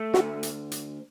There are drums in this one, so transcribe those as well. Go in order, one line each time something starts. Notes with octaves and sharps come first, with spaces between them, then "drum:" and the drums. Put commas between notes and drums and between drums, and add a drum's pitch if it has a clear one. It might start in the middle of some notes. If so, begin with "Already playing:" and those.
Already playing: A3
D2 F#4, drum: snare
drum: hi-hat
drum: hi-hat